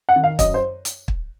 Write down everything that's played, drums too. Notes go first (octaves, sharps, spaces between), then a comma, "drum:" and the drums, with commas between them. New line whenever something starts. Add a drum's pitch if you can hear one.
F#5
D#3
F5
F#2 D#5, drum: kick, hi-hat
C5
drum: hi-hat
drum: kick